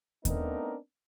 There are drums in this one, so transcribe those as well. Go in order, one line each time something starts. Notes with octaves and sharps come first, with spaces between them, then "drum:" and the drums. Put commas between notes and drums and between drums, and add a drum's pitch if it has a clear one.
A3 B3 C4 D4 D#4 A#4, drum: kick D#2, hi-hat